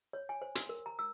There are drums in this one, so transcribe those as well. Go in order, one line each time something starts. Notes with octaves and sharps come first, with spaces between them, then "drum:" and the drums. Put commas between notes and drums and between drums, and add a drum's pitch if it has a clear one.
C#5
G#5
C5
C6, drum: hi-hat
A#4
A#5
E6